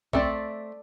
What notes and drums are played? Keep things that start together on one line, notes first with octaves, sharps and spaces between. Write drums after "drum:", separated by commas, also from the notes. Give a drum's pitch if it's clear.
A3 C4 A4 D5 E5, drum: kick